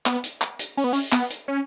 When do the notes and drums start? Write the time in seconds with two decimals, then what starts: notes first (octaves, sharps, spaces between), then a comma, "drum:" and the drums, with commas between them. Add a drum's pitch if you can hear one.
0.06 B3, drum: clap
0.24 drum: hi-hat
0.41 drum: clap
0.59 drum: hi-hat
0.77 C#4
0.84 B3
0.93 C#4, drum: open hi-hat
1.12 B3, drum: clap
1.30 drum: hi-hat
1.48 C#4